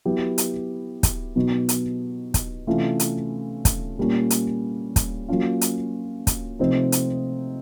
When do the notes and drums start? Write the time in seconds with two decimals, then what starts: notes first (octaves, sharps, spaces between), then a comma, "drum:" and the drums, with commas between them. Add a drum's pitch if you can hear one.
0.05 F#3 B3 E4 G4
0.38 drum: hi-hat
1.03 drum: kick, hi-hat
1.36 B2 F#3 B3 D#4 F#4
1.69 drum: hi-hat
2.34 drum: kick, hi-hat
2.67 C3 E3 A3 C#4 F4
3.00 drum: hi-hat
3.65 drum: kick, hi-hat
3.98 A#2 G3 A#3 C#4 F4
4.30 drum: hi-hat
4.96 drum: kick, hi-hat
5.28 F#3 A#3 C#4 F4
5.61 drum: hi-hat
6.27 drum: kick, hi-hat
6.59 C3 F3 A3 C4 D#4
6.92 drum: hi-hat